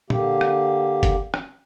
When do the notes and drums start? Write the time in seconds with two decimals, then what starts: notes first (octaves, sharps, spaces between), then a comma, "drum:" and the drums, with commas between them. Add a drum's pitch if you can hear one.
0.10 D3 A#3 G4, drum: tom
0.41 drum: rim click
1.03 drum: kick, hi-hat
1.34 drum: rim click